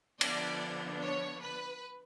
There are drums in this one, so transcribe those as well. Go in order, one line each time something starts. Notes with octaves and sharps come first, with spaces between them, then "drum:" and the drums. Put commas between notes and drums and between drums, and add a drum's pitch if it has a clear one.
D3 F3 B3 D4 D5, drum: cymbal
C#5
B4